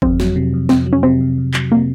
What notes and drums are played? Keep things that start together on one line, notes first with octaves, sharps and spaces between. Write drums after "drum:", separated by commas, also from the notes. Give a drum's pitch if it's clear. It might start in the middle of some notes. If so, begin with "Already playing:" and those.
F2 C4, drum: kick G1
F#3, drum: snare
C3
F2
F2 C4, drum: snare
F#3
C#4
C3 C4
F2
F2
F#3, drum: clap
C3 A#3